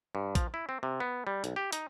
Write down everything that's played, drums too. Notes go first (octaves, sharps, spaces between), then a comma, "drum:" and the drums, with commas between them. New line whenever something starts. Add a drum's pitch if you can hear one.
G2
F3, drum: kick, hi-hat
E4
C4
C3
B3
G3
B1, drum: hi-hat
G4
D#4, drum: hi-hat